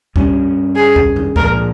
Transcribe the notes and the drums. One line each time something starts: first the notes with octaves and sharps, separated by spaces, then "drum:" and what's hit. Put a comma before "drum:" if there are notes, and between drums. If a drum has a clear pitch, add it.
G2 G3 C#4, drum: kick C#2
G#4
drum: kick C#2
drum: tom
A#2 F3 G#3 A#4, drum: kick C#2